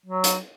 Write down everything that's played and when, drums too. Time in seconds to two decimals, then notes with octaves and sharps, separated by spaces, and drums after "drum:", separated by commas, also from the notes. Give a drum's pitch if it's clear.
0.06 F#3
0.24 drum: hi-hat